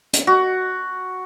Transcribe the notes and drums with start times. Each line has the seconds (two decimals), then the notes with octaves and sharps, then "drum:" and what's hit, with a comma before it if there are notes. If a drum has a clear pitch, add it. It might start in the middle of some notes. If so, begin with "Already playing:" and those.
0.13 drum: hi-hat
0.27 F#4